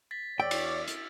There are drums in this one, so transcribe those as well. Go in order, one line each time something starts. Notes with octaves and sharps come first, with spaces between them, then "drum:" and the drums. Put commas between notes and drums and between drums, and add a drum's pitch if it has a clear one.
A6 B6
E2 C#5 D5 G5 E6 A6
drum: cymbal
drum: hi-hat